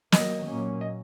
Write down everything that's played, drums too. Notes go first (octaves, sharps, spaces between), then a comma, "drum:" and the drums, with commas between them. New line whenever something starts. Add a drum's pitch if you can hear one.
D#3 F#3 A#3 D#5, drum: snare
A#2 F#3 A#3 C#4
D#5